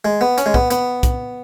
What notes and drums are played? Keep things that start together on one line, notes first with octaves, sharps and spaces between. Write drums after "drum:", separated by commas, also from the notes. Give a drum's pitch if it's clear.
G#3
B3
C#4, drum: hi-hat
G#3
B3, drum: kick
B3, drum: hi-hat
drum: kick, hi-hat